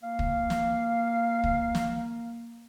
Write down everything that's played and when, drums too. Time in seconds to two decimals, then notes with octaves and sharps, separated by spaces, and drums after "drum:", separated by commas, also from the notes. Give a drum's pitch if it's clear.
0.03 A#3 F5
0.19 drum: kick
0.50 drum: snare
1.44 drum: kick
1.75 drum: snare